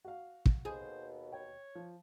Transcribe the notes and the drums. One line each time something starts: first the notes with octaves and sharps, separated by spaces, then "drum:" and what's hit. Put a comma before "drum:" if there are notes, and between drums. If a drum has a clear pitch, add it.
F#4 F5
drum: kick
D#2 B2 G#4 C5
C#5 G5
F3